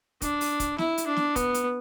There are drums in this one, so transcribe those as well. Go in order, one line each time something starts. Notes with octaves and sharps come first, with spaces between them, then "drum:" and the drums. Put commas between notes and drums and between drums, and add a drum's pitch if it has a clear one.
D4, drum: kick, hi-hat
drum: open hi-hat
drum: kick, hi-hat
E4, drum: snare
drum: hi-hat
D4
drum: snare
B3, drum: kick, hi-hat
drum: hi-hat